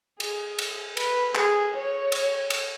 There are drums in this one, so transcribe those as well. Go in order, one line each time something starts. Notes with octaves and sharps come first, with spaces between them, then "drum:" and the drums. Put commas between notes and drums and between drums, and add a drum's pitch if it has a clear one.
G#4, drum: cymbal
drum: cymbal
B4, drum: cymbal
G#4, drum: clap
C#5
drum: cymbal
drum: cymbal